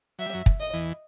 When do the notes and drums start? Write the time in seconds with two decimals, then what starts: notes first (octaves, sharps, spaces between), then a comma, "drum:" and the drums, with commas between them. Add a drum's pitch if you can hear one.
0.19 F#3 E5
0.26 G3
0.33 F#2 F#3
0.46 drum: kick
0.60 D#5
0.73 E2 E3